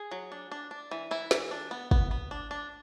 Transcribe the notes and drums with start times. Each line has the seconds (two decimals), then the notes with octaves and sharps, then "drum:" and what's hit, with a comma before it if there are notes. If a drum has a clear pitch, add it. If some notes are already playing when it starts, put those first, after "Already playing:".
Already playing: G#4
0.11 F#3
0.32 D4
0.52 D4
0.71 D4
0.91 E3
1.11 E3 E4
1.31 E3, drum: snare
1.51 D4
1.71 B3
1.91 B3, drum: kick
2.11 B3
2.31 D4
2.51 D4